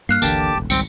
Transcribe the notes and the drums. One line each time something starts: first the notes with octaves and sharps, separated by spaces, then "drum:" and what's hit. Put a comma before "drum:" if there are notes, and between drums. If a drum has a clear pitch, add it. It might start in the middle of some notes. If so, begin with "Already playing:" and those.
G2 A#3 F6 F#6 C7
G#1 D2 D3 E3 A#3 G4 A5 D6, drum: tambourine
E1 A1
G#1 C#2 G3 C4 G5 C#7, drum: tambourine